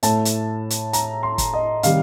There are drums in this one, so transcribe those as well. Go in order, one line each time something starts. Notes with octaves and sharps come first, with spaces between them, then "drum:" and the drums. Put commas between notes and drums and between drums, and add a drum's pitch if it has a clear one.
A2 A3 A5, drum: hi-hat
drum: hi-hat
drum: hi-hat
A#5, drum: hi-hat
C6
drum: kick, hi-hat
D#5
C3 D#3 G3 F5, drum: hi-hat